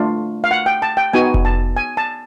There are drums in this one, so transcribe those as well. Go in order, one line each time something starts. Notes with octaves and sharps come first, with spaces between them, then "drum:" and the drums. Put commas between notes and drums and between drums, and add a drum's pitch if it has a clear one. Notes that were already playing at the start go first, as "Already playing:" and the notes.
Already playing: A3 D4 F4
F5
F#5
G5
A5
G5
B3 D#4 F#4 G#5
drum: kick F1
A5
G#5
A5